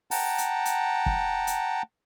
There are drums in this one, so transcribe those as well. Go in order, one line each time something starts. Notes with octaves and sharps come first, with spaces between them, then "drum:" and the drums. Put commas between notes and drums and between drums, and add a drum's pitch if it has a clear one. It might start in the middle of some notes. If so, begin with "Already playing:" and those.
F#5 G5 A5 A#5, drum: open hi-hat
drum: hi-hat
drum: hi-hat
drum: kick
drum: hi-hat